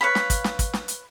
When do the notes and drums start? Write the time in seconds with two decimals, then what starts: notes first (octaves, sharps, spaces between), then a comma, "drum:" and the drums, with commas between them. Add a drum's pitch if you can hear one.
0.01 B4 C#5 F5 B5
0.15 drum: snare
0.30 drum: kick, hi-hat
0.44 drum: snare
0.59 drum: kick, hi-hat
0.73 drum: snare
0.88 drum: hi-hat